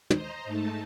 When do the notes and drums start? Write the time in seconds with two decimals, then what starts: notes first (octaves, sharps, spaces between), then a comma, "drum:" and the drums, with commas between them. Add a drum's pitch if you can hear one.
0.10 C5 D#5 A#5, drum: tom
0.45 G#2 A3 D#4 A5